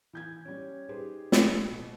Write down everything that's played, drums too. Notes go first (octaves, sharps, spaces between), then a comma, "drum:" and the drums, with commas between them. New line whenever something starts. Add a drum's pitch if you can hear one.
E3 G6 G#6
G3 C#4
D#4 G4 G#4 B4 C5
drum: snare
B2 B3